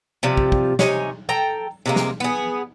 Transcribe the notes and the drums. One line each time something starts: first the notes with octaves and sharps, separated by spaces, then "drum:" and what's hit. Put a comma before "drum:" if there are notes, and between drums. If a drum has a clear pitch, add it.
C3 F3 G3
drum: kick
drum: kick
C3 D#4 C#5 G#5, drum: snare
A4 G5 A#5
C3 G#3 A#3
drum: snare
B3 G#4